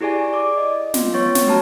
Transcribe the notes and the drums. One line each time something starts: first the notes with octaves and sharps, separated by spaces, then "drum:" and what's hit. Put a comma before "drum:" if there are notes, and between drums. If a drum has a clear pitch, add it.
E4 G4 G#4 D5 G#5
D5 D6
D#5
B3 F4, drum: snare
B3 C#4 C#5 C#6 A6
drum: snare
A3 F#4 C#5 A5 A#5 F6